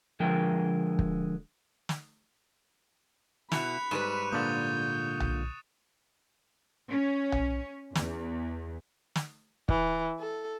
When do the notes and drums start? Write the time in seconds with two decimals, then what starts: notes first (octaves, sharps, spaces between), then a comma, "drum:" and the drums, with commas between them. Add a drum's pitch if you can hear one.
0.20 D3 F3 G#3 A#4 G5
0.99 drum: kick
1.89 drum: snare
3.52 B2 E4 B5 F#6 C#7 F7, drum: snare
3.91 G#2 G3 B4 C#6 D#7 E7
4.32 A#2 D3 F4 D#6 G6 A6
5.20 drum: tom B1
6.90 C#4
7.32 drum: tom B1
7.95 E2, drum: snare
9.16 drum: snare
9.69 E3, drum: kick
10.20 A4